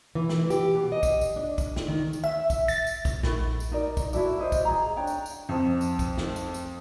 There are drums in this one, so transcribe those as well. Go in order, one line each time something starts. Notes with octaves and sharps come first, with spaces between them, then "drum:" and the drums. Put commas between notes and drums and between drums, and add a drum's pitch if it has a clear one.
E3
drum: snare
G4, drum: tambourine
B2
D#5
drum: kick, tambourine
drum: tambourine
D4
drum: kick, tambourine
drum: snare
D#3
drum: tambourine
E5
drum: kick, tambourine
A6, drum: tambourine
drum: tambourine
drum: kick, tambourine
A#1, drum: snare
drum: tambourine
D#4 A#4 D5
drum: kick, tambourine
E4 F#4 A4 D5, drum: tambourine
C5 D#5
drum: kick, tambourine
G#4 A#5
D4 C#5 G5 A#5
drum: tambourine
drum: tambourine
F2
drum: tambourine
drum: kick, tambourine
drum: snare
drum: tambourine
drum: tambourine